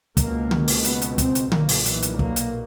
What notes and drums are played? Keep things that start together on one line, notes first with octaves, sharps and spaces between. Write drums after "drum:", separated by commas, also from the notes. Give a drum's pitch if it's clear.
C#2 B2 A#3, drum: kick, hi-hat
drum: tom D3
drum: open hi-hat
B3, drum: hi-hat
drum: hi-hat
C4, drum: kick, hi-hat
drum: hi-hat
B1 A#2 A#3, drum: tom D3
drum: open hi-hat
E3, drum: hi-hat
drum: hi-hat
A#3, drum: kick
drum: hi-hat